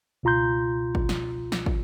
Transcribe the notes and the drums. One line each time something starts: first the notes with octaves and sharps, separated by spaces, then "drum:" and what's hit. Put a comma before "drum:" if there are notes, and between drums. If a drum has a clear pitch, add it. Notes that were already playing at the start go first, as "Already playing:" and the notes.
C#2 B2 F4 A#5 C6 G6
drum: kick
drum: snare
drum: snare
drum: kick